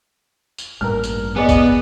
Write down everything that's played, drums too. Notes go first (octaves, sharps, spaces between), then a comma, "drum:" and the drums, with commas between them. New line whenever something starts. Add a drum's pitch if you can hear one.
drum: tambourine
A1 G2 A#2 A#4 F6
drum: tambourine
B3 G#4 D5 D#5
drum: kick A1, tambourine